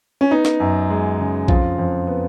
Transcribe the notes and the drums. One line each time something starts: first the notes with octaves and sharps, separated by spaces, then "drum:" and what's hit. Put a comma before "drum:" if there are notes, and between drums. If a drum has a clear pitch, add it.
C#4
B3 D#4
drum: snare
F#2
G#3
C#3
F2 F4, drum: kick B1
F2
B3